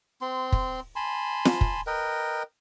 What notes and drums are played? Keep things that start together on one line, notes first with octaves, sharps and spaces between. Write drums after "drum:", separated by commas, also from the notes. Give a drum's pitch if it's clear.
C4 C6
drum: kick
G#5 A5 B5 C6
drum: snare
drum: kick
A#4 B4 D#5 G5